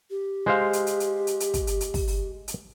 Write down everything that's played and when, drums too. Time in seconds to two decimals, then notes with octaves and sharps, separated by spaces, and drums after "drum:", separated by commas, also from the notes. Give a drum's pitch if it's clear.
0.10 G4
0.46 G#3 C5 F5
0.73 drum: hi-hat
0.87 drum: hi-hat
1.00 drum: hi-hat
1.27 drum: hi-hat
1.40 drum: hi-hat
1.54 drum: kick, hi-hat
1.67 drum: hi-hat
1.81 drum: hi-hat
1.94 drum: kick, open hi-hat
2.07 drum: open hi-hat
2.48 drum: hi-hat